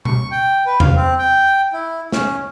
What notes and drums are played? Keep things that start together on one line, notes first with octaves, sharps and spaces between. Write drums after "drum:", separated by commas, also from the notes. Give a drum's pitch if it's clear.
C#6, drum: tom B2
G5
B4
F5, drum: tom E2
C4
G5
E4
C#4, drum: snare